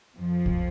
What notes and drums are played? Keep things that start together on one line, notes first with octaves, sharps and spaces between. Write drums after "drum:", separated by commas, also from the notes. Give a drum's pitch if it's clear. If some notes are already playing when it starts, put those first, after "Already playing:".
F2 F3
drum: kick